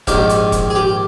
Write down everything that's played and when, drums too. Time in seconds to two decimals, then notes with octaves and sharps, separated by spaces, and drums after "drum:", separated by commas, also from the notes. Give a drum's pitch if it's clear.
0.07 A#1 G#2 D#3 G4, drum: kick F1, hi-hat
0.29 drum: hi-hat
0.52 drum: kick F1, hi-hat
0.70 G#4
0.75 G4